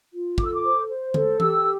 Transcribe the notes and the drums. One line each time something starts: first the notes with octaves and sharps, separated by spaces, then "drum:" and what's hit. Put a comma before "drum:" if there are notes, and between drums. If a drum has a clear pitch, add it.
F4
A4 D6, drum: kick
E6
D6
C5
C5
A4, drum: tom D3
G4 E6, drum: tom E3